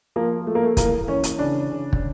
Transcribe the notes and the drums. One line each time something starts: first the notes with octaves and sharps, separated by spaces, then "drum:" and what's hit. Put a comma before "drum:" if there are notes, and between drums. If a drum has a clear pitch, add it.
F3 A#3
F3 A3
A#3
A3
E3 A#3, drum: kick, hi-hat
E3 C#4
drum: hi-hat
C#3 D4
C#3
drum: kick